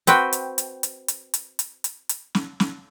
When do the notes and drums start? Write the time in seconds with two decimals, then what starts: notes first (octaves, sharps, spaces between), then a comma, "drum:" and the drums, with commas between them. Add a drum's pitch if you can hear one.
0.07 C4 F#4 B4 G5, drum: hi-hat
0.33 drum: hi-hat
0.58 drum: hi-hat
0.83 drum: hi-hat
1.08 drum: hi-hat
1.34 drum: hi-hat
1.59 drum: hi-hat
1.84 drum: hi-hat
2.09 drum: hi-hat
2.35 drum: snare
2.60 drum: snare